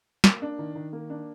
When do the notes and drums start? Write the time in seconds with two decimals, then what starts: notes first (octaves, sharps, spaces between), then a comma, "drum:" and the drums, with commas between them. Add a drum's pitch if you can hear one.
0.24 A#3, drum: snare
0.42 D4
0.59 D#3
0.75 D#3
0.93 A#3
1.10 D4